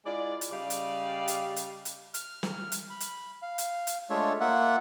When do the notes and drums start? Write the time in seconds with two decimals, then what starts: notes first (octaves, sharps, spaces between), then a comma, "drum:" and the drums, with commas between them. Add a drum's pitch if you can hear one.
0.06 G#3 E4 F4 D5
0.41 drum: hi-hat
0.52 C#3 G3 G4 D5 D#5 F5
0.70 drum: hi-hat
1.28 drum: hi-hat
1.56 drum: hi-hat
1.85 drum: hi-hat
2.14 F6, drum: hi-hat
2.43 drum: snare
2.72 drum: hi-hat
2.90 B5
3.00 drum: hi-hat
3.42 F5
3.58 drum: hi-hat
3.87 drum: hi-hat
4.10 G#3 A3 D4 F4 C#5 E5
4.41 A#3 F4 E5 F#5